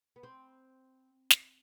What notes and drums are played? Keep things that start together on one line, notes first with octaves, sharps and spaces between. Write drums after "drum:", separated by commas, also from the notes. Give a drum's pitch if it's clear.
B3
C4
drum: snare